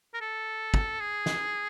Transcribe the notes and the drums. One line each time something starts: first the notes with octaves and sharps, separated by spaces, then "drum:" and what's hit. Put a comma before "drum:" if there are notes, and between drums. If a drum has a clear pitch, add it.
A#4
A4
drum: kick
G#4
drum: snare